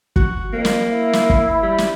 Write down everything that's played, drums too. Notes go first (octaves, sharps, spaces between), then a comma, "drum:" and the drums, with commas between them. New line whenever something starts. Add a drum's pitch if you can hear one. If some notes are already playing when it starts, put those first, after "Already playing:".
F#4, drum: kick
F2 A#3
drum: snare
E4
drum: snare
drum: kick
G3
drum: snare